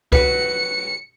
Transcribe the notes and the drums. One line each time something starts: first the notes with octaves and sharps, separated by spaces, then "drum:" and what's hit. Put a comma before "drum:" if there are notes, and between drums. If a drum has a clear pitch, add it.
F#3 F#4 B4 C#7, drum: kick C2